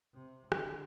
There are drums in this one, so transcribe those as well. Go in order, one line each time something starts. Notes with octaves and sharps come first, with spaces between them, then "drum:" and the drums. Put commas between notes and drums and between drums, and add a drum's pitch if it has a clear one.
C3
D3, drum: rim click